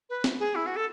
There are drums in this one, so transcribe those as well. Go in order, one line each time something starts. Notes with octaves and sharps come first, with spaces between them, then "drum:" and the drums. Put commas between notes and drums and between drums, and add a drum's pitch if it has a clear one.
B4
drum: snare
G#4
E4
F#4
A4